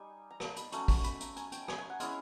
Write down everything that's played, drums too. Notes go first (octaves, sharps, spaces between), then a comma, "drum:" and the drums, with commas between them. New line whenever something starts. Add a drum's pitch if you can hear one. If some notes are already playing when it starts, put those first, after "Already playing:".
Already playing: G3 D#4 G#5
A#5
A5, drum: rim click
B5, drum: hi-hat
F#3 A3 C#4 C#6, drum: hi-hat
C#6, drum: kick, open hi-hat
B5, drum: hi-hat
A#5, drum: hi-hat
G#5, drum: hi-hat
G5, drum: hi-hat
G#5, drum: rim click
G#5
F#5
G#3 C#4 E4 F5, drum: hi-hat